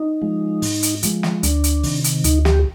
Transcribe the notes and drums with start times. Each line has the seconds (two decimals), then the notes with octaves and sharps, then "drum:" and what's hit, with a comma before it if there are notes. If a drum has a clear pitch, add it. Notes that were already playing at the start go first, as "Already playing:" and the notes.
Already playing: D#4
0.22 F3 G#3
0.62 G#2, drum: open hi-hat
0.83 drum: hi-hat
1.03 F3 G#3, drum: hi-hat
1.23 drum: snare
1.43 D2 D4, drum: hi-hat
1.64 drum: hi-hat
1.83 C3 D#3, drum: open hi-hat
2.04 drum: hi-hat
2.24 D2 D#4, drum: hi-hat
2.45 G4, drum: snare